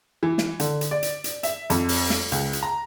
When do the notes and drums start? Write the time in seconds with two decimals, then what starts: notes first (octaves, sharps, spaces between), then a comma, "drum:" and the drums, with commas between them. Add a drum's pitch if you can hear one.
0.23 E3
0.38 drum: snare
0.60 D3, drum: hi-hat
0.81 drum: hi-hat
0.91 D5
1.03 drum: hi-hat
1.24 drum: hi-hat
1.43 E5, drum: hi-hat
1.70 F2, drum: hi-hat
1.89 drum: open hi-hat
2.10 drum: snare
2.32 C#2, drum: hi-hat
2.53 drum: hi-hat
2.63 A#5